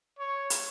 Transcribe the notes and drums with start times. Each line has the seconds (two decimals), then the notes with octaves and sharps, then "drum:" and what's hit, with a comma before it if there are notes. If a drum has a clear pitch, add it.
0.19 C#5
0.50 drum: hi-hat